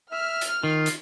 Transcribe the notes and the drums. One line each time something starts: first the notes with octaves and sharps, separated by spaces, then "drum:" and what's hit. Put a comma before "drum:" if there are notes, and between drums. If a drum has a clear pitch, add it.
E5 F6
drum: hi-hat
D#3 F4
drum: hi-hat